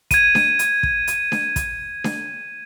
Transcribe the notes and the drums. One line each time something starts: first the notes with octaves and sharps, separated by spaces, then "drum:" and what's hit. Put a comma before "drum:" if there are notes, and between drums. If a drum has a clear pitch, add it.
G#6 D#7, drum: kick, hi-hat
drum: snare D4
drum: hi-hat
drum: kick
drum: hi-hat
drum: snare D4
drum: kick, hi-hat
drum: snare D4